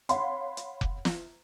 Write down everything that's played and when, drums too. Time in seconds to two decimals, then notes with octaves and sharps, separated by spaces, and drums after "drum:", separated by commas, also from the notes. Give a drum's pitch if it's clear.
0.09 C#5 F5 F#5 B5 C6, drum: hi-hat
0.57 drum: hi-hat
0.81 drum: kick F1
1.05 drum: snare